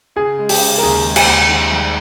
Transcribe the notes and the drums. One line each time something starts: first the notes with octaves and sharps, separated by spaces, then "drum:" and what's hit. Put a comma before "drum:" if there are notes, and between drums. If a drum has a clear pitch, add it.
C#3 G#4
G#3
G4, drum: open hi-hat
C#3
A#4
D#2 G#4
G#3
G4, drum: cymbal
D#2
D#3
G3